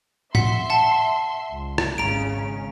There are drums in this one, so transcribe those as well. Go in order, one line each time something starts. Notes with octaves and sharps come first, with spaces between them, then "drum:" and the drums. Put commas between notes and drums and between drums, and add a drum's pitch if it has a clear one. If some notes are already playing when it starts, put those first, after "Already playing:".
E5 F#5 C6 B6, drum: tom A2
F#5 A5
C#2
drum: rim click
G#1 C#3 A#5 D7